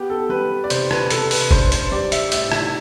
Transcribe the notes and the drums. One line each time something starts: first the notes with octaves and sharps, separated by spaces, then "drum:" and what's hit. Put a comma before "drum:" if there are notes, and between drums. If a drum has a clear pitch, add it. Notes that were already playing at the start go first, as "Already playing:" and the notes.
Already playing: B3 G4
A4
G3 B4
D5
C3 C5, drum: hi-hat
B4, drum: rim click
C3 A4, drum: hi-hat
B4, drum: open hi-hat
D4 C5, drum: kick
C5, drum: hi-hat
G3 D5
E5, drum: hi-hat
A2 E5, drum: hi-hat
E5, drum: rim click